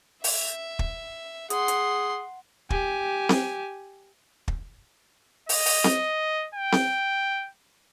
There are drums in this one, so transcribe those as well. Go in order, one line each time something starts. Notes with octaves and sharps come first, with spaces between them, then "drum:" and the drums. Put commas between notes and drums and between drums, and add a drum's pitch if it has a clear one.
E5, drum: open hi-hat
drum: kick
G#4 F#5 C6, drum: hi-hat
drum: hi-hat
G4 G#5, drum: kick
drum: snare C4
drum: kick
D#5, drum: open hi-hat
drum: open hi-hat
drum: snare C4
G5
drum: snare C4